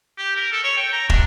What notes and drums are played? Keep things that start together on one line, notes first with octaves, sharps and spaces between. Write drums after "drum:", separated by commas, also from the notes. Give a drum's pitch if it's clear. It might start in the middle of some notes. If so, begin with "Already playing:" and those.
G4
A#4
A4
C#5
G5
A#5
D4, drum: kick